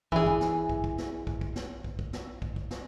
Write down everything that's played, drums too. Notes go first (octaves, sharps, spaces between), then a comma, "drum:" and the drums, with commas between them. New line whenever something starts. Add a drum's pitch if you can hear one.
E3 G#4, drum: kick
drum: kick
drum: snare
drum: kick
drum: kick
drum: snare
drum: kick
drum: kick
drum: snare
drum: kick
drum: kick
drum: snare
drum: kick
drum: kick
drum: snare